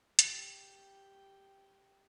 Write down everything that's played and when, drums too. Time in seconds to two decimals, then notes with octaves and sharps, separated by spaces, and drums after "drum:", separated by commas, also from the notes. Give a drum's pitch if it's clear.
0.19 G4 G5, drum: hi-hat